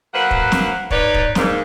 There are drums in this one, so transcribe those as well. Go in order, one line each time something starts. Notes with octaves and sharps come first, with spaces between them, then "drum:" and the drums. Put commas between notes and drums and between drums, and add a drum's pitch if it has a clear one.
F#3 A#3 B4 C5 F#5
drum: kick
drum: snare
D#4 B4 C#5 D5, drum: kick
drum: kick
G#2 A#3, drum: snare